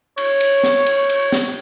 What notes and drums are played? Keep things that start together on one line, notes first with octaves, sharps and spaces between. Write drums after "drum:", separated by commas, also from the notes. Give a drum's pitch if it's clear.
C#5, drum: cymbal
drum: cymbal
drum: snare
drum: cymbal
drum: cymbal
drum: snare